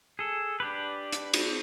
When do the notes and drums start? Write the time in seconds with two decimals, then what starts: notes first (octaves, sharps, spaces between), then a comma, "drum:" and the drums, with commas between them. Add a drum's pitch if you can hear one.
0.19 G#4 A4
0.60 D4 G4 B4
1.13 drum: hi-hat
1.34 drum: cymbal